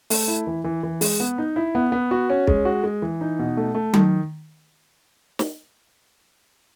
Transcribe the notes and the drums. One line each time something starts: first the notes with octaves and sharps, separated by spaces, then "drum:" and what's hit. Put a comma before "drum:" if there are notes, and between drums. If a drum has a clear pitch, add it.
A3, drum: open hi-hat
E4
E3
E3
E3
G#3, drum: open hi-hat
B3
D#4
E4
B3
B3
F#4
C#4
G#3, drum: kick
F#4
G#3
E3
D#4
B2
A3
A3
D#3, drum: tom F#3
drum: snare